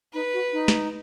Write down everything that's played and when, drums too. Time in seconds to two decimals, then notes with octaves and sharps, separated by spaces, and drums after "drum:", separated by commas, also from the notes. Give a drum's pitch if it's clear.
0.14 D#4 B4
0.34 F#4
0.53 D#4
0.68 drum: snare